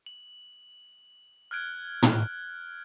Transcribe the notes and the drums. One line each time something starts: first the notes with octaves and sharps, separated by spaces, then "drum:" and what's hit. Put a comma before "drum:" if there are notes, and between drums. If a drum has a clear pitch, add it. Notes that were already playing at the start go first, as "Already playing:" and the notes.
F#7
F6 F#6 G#6 D7
drum: tom